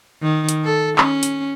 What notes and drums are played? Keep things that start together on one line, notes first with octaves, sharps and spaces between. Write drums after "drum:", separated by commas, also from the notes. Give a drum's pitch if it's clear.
D#3
drum: hi-hat
A4
C#4, drum: clap
drum: hi-hat